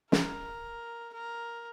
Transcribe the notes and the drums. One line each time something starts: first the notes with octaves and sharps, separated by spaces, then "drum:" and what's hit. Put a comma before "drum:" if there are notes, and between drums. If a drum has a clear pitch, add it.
A#4, drum: snare
A#4